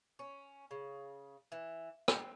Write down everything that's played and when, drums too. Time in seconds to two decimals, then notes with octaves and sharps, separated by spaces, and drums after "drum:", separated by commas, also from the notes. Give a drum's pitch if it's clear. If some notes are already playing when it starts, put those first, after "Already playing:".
0.19 C#4
0.71 C#3
1.52 E3
2.08 C4, drum: rim click